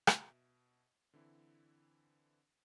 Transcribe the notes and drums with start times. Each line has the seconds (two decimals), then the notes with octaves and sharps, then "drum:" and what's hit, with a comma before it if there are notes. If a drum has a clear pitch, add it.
0.07 B2 E5, drum: rim click
1.13 D3 E3 C4 E4